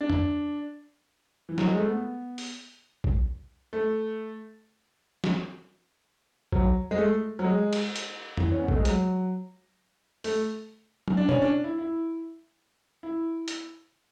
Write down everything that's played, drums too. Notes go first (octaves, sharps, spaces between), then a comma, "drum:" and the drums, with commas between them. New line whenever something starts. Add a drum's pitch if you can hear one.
D4
drum: tom F2
E3
F#3, drum: snare
G#3
A3
B3
drum: open hi-hat
drum: kick A#1
A3
drum: snare
F#3, drum: kick A#1
G#3
A3
F#3
G#3
drum: cymbal
drum: hi-hat
E3, drum: tom F2
C#4
B3
A3, drum: kick A#1
G#3
F#3, drum: hi-hat
A3, drum: open hi-hat
drum: tom
D4
C#4, drum: tom
D4
E4
E4
E4
drum: hi-hat